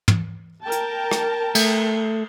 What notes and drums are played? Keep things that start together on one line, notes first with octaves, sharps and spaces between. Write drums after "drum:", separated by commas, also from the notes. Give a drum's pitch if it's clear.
drum: tom
A#4 G5 A5
drum: hi-hat
drum: rim click
A3, drum: cymbal